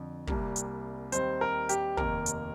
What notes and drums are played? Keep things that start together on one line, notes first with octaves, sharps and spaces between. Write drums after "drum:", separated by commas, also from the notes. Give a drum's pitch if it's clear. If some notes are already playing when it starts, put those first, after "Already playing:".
Already playing: F2 D3 F3
C2 C3 G3 A#3, drum: kick
drum: hi-hat
D#2 D#3 G3 C4 C5, drum: hi-hat
A#4
G4, drum: hi-hat
F1 D#2 D#3 A#3 A#4, drum: kick
drum: hi-hat